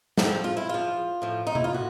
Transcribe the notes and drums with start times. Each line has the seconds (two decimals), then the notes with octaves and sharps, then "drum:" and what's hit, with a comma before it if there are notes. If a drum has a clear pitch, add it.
0.18 G#2 F3 C4, drum: snare
0.44 F4
0.57 E4
0.69 G#2 F3 F4
1.22 A2 F3
1.47 D#4
1.55 E4, drum: tom C3
1.64 F4
1.73 A2 F#4